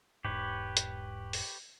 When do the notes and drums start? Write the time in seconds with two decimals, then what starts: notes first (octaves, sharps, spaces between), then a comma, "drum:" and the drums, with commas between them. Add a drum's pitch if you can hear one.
0.25 E1 G#2 G4 B4 C#5
0.77 drum: hi-hat
1.33 drum: open hi-hat